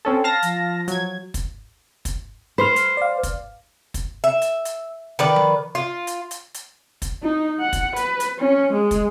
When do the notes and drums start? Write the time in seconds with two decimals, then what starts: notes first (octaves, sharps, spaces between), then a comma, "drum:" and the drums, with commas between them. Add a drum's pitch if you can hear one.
0.05 C4 C#4 A4
0.24 F5 A5 A#6
0.42 F3, drum: hi-hat
0.88 F#3 G#6, drum: hi-hat
1.34 drum: kick, hi-hat
2.05 drum: kick, hi-hat
2.58 C5 B5 C6 F6
2.76 drum: hi-hat
2.97 D5 F5
3.23 drum: kick, hi-hat
3.94 drum: kick, hi-hat
4.24 E5
4.42 drum: hi-hat
4.65 drum: hi-hat
5.19 D#3 B4 D5
5.36 drum: tom F3
5.75 F4
6.07 drum: hi-hat
6.31 drum: hi-hat
6.54 drum: hi-hat
7.02 drum: kick, hi-hat
7.23 D#4
7.60 F#5
7.73 drum: kick, hi-hat
7.96 B4, drum: hi-hat
8.20 drum: hi-hat
8.39 C#4
8.73 G#3
8.91 drum: kick, hi-hat